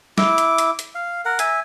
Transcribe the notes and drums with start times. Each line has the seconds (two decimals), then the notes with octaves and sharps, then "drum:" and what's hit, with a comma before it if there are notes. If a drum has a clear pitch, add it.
0.18 E4 D6, drum: snare
0.38 drum: hi-hat
0.58 drum: hi-hat
0.79 drum: hi-hat
0.95 F5
1.25 A#4 F#5
1.39 E5 G#5, drum: hi-hat